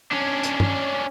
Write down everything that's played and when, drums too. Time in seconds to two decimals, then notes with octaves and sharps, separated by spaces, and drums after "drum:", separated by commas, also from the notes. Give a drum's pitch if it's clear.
0.11 C#4 D4
0.43 drum: hi-hat
0.60 drum: tom G2